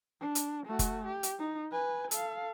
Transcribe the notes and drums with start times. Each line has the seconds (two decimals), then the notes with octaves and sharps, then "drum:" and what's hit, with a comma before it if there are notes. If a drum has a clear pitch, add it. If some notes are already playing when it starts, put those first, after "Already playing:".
0.21 D4
0.35 drum: hi-hat
0.67 A3 F#4
0.79 drum: kick F1, hi-hat
1.05 G4
1.23 drum: hi-hat
1.39 D#4
1.71 B4 G#5
2.11 A4 F5, drum: hi-hat